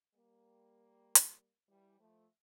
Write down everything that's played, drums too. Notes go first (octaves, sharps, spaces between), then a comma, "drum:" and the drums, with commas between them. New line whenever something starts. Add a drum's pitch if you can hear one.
G3 A#3
drum: hi-hat
E3 G3
F3 A3